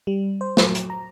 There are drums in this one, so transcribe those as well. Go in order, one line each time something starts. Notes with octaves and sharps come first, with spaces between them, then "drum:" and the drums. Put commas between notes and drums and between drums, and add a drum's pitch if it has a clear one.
G3
C5
F#3, drum: snare
drum: hi-hat
A#5